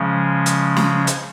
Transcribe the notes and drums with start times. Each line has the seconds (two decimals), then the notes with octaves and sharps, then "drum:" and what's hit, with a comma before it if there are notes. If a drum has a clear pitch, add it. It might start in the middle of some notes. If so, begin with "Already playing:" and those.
Already playing: C#3 F3 G#3 C#4
0.46 drum: hi-hat
0.77 drum: snare
1.07 drum: hi-hat